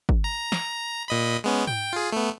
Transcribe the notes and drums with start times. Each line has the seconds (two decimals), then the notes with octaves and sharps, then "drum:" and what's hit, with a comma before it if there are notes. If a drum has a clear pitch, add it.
0.09 drum: kick G#1
0.24 A#5
0.52 drum: snare
1.08 A#2 D#5 B5
1.44 G#3 B3 C#4
1.67 G5, drum: tom G#2
1.93 F4 G#4
2.12 A3 B3